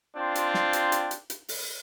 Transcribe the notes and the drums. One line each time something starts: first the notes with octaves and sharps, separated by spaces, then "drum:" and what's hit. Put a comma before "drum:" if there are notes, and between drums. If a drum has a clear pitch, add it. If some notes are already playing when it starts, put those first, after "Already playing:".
C4 D4 F4 G5 C6
drum: hi-hat
drum: snare
drum: hi-hat
drum: hi-hat
drum: hi-hat
drum: hi-hat
drum: open hi-hat